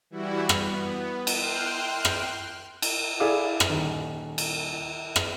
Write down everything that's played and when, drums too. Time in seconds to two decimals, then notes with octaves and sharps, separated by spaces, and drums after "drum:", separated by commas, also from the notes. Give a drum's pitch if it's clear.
0.10 E3 G3 E4 F#4
0.49 drum: rim click
0.63 B3
1.27 drum: cymbal
1.37 G5 C6 F6 F#6
2.05 drum: rim click
2.82 drum: cymbal
3.20 E4 G#4 A4 D5 F5 D6
3.60 drum: rim click
3.70 D#1 D#3
4.38 drum: cymbal
5.16 drum: rim click